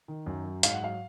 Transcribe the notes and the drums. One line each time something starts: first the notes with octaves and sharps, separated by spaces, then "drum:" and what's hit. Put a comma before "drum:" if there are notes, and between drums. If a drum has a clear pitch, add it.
D#3
F#2
F#3
G#2 F5, drum: hi-hat
F#5
F#3 F5